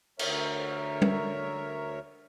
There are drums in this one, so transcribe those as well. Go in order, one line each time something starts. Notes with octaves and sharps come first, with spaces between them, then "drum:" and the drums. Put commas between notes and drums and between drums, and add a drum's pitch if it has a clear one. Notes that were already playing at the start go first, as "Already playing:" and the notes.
D2 A#4 C#5 E5, drum: cymbal
drum: tom G3